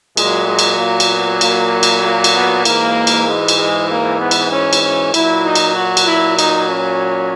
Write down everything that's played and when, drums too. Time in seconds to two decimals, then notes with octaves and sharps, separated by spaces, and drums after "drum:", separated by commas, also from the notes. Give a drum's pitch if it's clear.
0.17 A#2 F#3 G#3, drum: cymbal
0.48 G#3
0.59 drum: cymbal
0.79 A#3
1.00 drum: cymbal
1.11 B3
1.41 A#3, drum: cymbal
1.83 drum: cymbal
2.04 A#3
2.24 drum: cymbal
2.35 B3
2.65 G#2 E3 A#3, drum: cymbal
3.07 drum: cymbal
3.28 G#3
3.48 drum: cymbal
3.59 G#3
3.90 A#3
4.21 B3
4.31 drum: cymbal
4.52 C#4
4.73 drum: cymbal
4.83 C#4
5.14 A#2 F#3 E4, drum: cymbal
5.46 D#4
5.55 drum: cymbal
5.76 F#4
5.97 drum: cymbal
6.07 E4
6.39 D#4, drum: cymbal
6.69 C#4